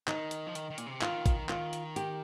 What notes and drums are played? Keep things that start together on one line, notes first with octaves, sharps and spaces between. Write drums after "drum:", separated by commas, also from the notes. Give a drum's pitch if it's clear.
D#3 D#4, drum: clap
drum: hi-hat
F3
D#3, drum: hi-hat
D#3
A#2, drum: hi-hat
C3
D#3 F4, drum: clap
drum: kick, hi-hat
D#3 F4, drum: clap
drum: hi-hat
G4, drum: hi-hat